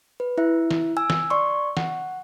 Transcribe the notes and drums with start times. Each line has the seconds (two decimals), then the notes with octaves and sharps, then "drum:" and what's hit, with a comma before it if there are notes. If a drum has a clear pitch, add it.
0.20 B4
0.38 E4 E5
0.71 drum: snare
0.97 G#5 E6
1.10 drum: snare
1.30 D5 C6 C#6
1.77 F#5, drum: snare